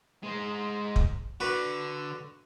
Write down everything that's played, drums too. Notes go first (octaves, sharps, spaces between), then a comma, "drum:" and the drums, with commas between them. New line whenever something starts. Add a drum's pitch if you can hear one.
G#3 C5
drum: kick
D3 F#4 B4